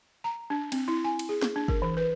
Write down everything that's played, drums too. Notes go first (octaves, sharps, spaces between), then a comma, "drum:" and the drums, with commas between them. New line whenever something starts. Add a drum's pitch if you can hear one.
A#5
D4
C4, drum: cymbal
E4
G#5
drum: cymbal
G#4
drum: snare
D4
A#4, drum: kick
E3
B4